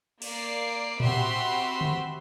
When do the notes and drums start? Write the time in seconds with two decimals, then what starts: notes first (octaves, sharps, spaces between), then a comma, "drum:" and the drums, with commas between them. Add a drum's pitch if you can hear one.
0.22 A#3 D5 C7, drum: cymbal
1.00 C4 F#4 G4 E5 B5 C6, drum: tom A2
1.81 drum: tom D3